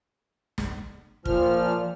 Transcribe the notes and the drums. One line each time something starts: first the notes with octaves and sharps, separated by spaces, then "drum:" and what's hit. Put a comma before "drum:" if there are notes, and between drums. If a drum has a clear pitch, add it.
drum: snare
A#2 F3 F6, drum: kick